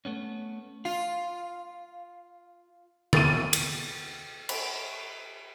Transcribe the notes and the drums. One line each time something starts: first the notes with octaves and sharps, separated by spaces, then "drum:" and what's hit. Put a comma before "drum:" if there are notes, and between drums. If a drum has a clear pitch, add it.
A3 B3 C#4
F4 F5
A6 D#7, drum: tom D3
drum: cymbal
drum: cymbal